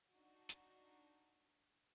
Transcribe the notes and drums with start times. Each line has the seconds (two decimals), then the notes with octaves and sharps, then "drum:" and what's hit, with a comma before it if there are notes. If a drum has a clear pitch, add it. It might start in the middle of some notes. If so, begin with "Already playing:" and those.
0.12 D4 D#4 F#4
0.49 drum: hi-hat